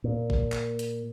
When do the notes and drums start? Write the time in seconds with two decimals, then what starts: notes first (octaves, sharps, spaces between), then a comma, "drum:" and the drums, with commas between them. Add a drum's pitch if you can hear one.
0.04 A#2
0.30 drum: kick
0.52 drum: clap
0.79 drum: hi-hat